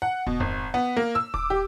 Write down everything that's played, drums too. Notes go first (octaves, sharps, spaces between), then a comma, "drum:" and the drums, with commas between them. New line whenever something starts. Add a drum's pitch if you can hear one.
F#5
B2, drum: kick D#1
G#1, drum: tom F2
B3
A#3
E6
D6, drum: kick D#1
G4